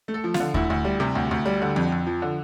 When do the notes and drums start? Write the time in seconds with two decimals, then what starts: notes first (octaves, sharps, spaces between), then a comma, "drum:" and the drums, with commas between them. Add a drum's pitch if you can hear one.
0.08 A3
0.14 A4
0.24 F3
0.34 F4, drum: snare
0.40 D3
0.54 D2 E4, drum: kick D#2
0.70 D2
0.85 G3
1.00 C3
1.15 D2
1.31 D2
1.46 G3
1.62 D3
1.76 F2
1.92 F2
2.06 F3
2.22 D3